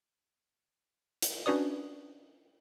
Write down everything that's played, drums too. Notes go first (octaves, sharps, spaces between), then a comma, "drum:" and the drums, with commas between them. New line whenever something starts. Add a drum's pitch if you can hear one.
drum: hi-hat
C#4 D4 F#4 B4 D5 D#6